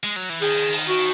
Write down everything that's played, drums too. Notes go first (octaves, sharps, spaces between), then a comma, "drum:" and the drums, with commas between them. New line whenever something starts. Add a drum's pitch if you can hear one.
G#3
F#3
E3
D#3 G#4, drum: open hi-hat
drum: open hi-hat
F#4